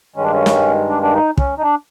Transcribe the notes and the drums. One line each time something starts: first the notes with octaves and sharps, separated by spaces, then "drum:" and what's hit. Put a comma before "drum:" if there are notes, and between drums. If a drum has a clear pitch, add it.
G2 D#3 G#3 C#4
D4
C#4
drum: snare
D4
D4
D#4
C#4, drum: kick
D#4
D4